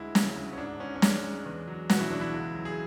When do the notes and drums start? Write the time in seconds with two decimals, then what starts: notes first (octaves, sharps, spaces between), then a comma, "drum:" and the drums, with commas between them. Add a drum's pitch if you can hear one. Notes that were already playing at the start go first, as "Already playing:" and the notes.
Already playing: D2 G#3 E4
0.15 C#3, drum: snare
0.36 D2
0.53 C#4
0.58 G#2 D4
0.80 G#2 C#4
0.96 C#4
1.02 G#3 D4, drum: snare
1.23 G#3
1.45 E2
1.68 F#3
1.90 B2 F#4, drum: snare
2.00 E4
2.10 E2 D4
2.21 E4
2.33 C#2
2.55 F#3
2.65 G#4